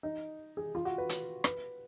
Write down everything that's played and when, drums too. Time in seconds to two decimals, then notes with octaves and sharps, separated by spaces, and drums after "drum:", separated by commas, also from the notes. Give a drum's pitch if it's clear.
0.03 D#4
0.57 G#4
0.75 F4
0.85 F#4
0.98 B4
1.09 drum: hi-hat
1.44 B4, drum: rim click